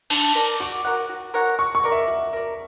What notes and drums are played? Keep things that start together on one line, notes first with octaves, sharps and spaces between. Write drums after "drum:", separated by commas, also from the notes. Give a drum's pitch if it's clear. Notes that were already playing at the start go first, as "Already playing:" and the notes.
D4, drum: cymbal
A#4 D5
F#4 D6
A#4 C#5 F#5
F#4
A#4 C#5 F#5
F#4 C#6
C#6
A#4 D5
E5
F#4
A#4 D5